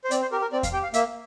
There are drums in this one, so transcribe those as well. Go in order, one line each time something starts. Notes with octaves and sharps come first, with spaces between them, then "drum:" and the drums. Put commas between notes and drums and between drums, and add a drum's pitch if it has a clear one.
C5
C4 D5, drum: hi-hat
C5
G4 A#4
A#4
C4 D5
F5, drum: kick E2, hi-hat
G4 G5
F5
A#3 E5, drum: hi-hat